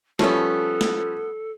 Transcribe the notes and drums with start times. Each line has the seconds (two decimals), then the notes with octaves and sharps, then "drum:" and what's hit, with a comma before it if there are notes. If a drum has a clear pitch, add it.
0.19 F3 G3 A3 B3 C#4 A4, drum: snare
0.81 drum: snare